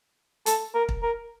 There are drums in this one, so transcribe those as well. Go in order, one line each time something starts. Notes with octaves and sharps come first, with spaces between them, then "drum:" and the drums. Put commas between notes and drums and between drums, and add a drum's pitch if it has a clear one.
A4, drum: hi-hat
A#4
drum: kick
A#4